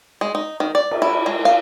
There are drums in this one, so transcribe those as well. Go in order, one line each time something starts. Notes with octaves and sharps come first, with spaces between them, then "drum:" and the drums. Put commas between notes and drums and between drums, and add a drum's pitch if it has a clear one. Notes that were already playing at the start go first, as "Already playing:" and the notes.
G#3
D#4
D#3
D5
drum: cymbal
E4
G#3
F5